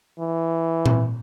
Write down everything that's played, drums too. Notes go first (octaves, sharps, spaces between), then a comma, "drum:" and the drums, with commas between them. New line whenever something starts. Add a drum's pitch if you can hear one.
E3
drum: tom A#2